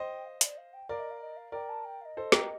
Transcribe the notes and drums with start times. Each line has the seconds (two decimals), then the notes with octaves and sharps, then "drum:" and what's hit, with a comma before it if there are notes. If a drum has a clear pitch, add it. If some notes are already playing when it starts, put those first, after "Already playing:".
Already playing: C5 D#5 G5
0.25 F5
0.41 D5, drum: hi-hat
0.57 F5
0.73 G5
0.89 A#4 D5 F5
0.99 D#5
1.10 F5
1.21 D#5
1.36 F5
1.52 A#4 D5 G5
1.69 A5
1.85 G5
2.01 F5
2.05 D#5
2.17 A4 C5
2.32 G4 A#4, drum: snare